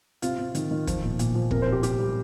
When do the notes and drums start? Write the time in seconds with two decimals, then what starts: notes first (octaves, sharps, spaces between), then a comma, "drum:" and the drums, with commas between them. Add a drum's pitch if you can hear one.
0.22 C3 F4, drum: hi-hat
0.38 C3
0.55 D#3, drum: hi-hat
0.71 D#3
0.87 F3, drum: kick, hi-hat
1.03 A#2
1.19 A#2, drum: hi-hat
1.35 F3
1.51 C3 A#4, drum: kick
1.62 C5
1.67 C3
1.72 G4
1.83 C3 G4, drum: hi-hat
1.99 G3